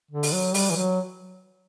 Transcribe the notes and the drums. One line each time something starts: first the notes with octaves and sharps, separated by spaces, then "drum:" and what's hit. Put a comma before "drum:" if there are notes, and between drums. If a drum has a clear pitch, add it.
D3
drum: open hi-hat
F#3
G3, drum: open hi-hat
E3
F#3